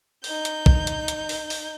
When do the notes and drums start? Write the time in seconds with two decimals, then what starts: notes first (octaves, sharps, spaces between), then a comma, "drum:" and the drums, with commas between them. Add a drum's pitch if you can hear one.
0.24 D#4 G6, drum: open hi-hat
0.45 drum: hi-hat
0.66 drum: kick
0.87 drum: hi-hat
1.08 drum: hi-hat
1.29 drum: open hi-hat
1.50 drum: open hi-hat